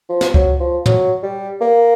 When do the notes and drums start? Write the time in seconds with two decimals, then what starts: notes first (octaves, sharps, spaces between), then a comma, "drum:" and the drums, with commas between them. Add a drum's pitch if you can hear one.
0.09 F3
0.21 drum: snare
0.34 F#3, drum: kick C#2
0.60 F3
0.86 F#3, drum: tom
1.23 G3
1.61 A#3